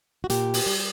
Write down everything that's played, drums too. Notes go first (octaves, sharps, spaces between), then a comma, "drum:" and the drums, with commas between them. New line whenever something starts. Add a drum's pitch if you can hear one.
F#4
A#2 G4, drum: hi-hat
drum: open hi-hat
G3